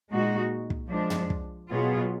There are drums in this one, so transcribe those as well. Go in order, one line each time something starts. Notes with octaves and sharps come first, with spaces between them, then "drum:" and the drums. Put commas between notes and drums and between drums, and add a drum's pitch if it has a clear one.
A#2 G#3 D#4 F#4
drum: kick
F3 G#3 D4
drum: tom
drum: kick
B2 F#3 B3 F4 G#4